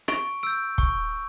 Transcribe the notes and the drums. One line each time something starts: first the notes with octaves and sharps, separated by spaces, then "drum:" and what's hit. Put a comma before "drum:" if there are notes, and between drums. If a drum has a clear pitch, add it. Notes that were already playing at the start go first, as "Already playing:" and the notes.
C#6 D7, drum: rim click
E6 G6 D7
C#6, drum: kick